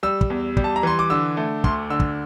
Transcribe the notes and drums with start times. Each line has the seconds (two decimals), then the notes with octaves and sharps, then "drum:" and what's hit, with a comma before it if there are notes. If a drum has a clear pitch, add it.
0.03 G3 E6
0.21 drum: kick
0.30 E2
0.57 G3, drum: kick
0.64 A5
0.76 A#5
0.83 E3 C6
0.99 D6
1.10 D3 E6
1.37 A3
1.64 D2 C6, drum: kick
1.90 D3 E6
2.00 drum: kick